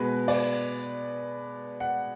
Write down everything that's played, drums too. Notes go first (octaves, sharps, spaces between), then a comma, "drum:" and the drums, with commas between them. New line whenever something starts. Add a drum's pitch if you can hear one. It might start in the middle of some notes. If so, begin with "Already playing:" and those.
Already playing: B2 G#3 B3 B4
D5, drum: open hi-hat
F#5